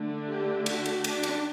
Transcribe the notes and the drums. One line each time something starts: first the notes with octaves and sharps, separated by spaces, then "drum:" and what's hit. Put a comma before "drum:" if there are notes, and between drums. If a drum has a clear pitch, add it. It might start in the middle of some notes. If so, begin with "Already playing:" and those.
Already playing: D3 A3 D4
G4
F#4, drum: cymbal
drum: cymbal
D4, drum: cymbal
drum: cymbal